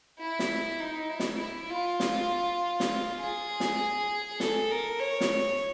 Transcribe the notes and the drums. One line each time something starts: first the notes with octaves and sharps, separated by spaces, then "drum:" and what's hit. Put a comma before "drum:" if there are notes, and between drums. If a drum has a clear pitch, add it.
E4
drum: snare
D#4
E4
drum: snare
E4
F4
drum: snare
drum: snare
G#4
drum: snare
A4, drum: snare
A#4
C#5
drum: snare